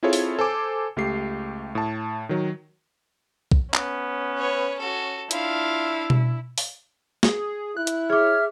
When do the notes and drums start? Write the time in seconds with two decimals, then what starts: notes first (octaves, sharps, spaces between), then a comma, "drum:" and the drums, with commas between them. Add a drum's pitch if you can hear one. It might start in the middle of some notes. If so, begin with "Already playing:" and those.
0.03 C4 E4 F4 G#4 A4 C#5
0.13 drum: open hi-hat
0.39 A4 C5 G#5 D6
0.96 C#2 A3 G4 C7
1.75 A2 A5
2.29 D#3 F#3
3.52 drum: kick
3.74 B3 C#4, drum: clap
4.38 B4 C#5
4.79 F#4 A4
5.31 D4 E4 F4 F5, drum: hi-hat
6.10 drum: tom B2
6.58 drum: open hi-hat
7.23 G#4, drum: snare
7.77 E4 F#6
7.87 drum: hi-hat
8.10 G#4 C#5 E5 D6 F6